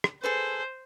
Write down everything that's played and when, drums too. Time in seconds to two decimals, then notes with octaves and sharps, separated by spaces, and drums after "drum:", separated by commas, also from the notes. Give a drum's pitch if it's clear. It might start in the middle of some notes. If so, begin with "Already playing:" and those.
0.04 drum: rim click
0.23 G#4 A4 B4 C5